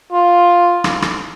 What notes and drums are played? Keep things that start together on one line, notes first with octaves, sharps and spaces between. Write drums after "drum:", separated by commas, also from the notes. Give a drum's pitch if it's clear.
F4
drum: rim click
drum: rim click